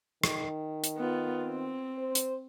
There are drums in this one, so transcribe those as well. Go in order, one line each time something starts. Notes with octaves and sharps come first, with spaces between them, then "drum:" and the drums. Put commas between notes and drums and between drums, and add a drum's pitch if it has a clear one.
D#3, drum: rim click
drum: hi-hat
B3 F4
C4
C5
drum: hi-hat